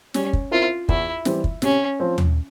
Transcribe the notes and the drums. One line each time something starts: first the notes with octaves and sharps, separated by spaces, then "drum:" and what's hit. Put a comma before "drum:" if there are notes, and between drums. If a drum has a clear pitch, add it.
G3 C#4, drum: snare
drum: kick
C4 E4 F4 A#4 E5
E2 E4, drum: kick
E3 G3 C4, drum: snare
drum: kick
C3 C#4, drum: snare
F3 C4 F4
drum: tom D#2